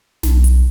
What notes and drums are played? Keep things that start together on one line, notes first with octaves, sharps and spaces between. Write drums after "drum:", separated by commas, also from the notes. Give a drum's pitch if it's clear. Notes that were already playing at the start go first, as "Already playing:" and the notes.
B1, drum: snare
drum: hi-hat